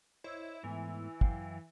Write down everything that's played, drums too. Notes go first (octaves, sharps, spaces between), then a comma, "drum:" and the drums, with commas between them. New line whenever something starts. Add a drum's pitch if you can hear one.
E4 C5 C#5 D#5
G#2 E3 A3 B3
F#2 F5 G5, drum: kick